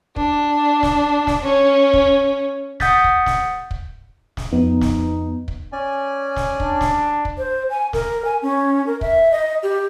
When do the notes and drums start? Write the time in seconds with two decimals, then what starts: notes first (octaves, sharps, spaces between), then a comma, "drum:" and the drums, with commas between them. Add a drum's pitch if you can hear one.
0.16 D4, drum: kick
0.83 drum: snare
1.27 drum: snare
1.43 C#4
1.93 drum: kick
2.80 F#5 D#6 G6 A6 B6, drum: snare
3.04 drum: kick
3.26 drum: snare
3.71 drum: kick
4.37 drum: snare
4.53 F2 B3 D#4
4.81 drum: snare
5.48 drum: kick
5.72 C#4 D5 G#5
6.36 drum: snare
6.60 D4, drum: kick
6.81 drum: snare
7.25 drum: kick
7.38 C5
7.70 G#5
7.93 A#4, drum: snare
8.25 G#5
8.42 C#4
8.86 A#4
9.01 E5, drum: kick
9.32 D#5
9.63 G4